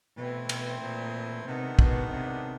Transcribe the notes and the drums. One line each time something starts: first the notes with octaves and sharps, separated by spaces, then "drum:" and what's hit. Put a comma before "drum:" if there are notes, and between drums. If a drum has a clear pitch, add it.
B2 E3 A3 C4
B2, drum: cymbal
A#2
C3 D#3 G#3 B3 D4
B2, drum: kick
C3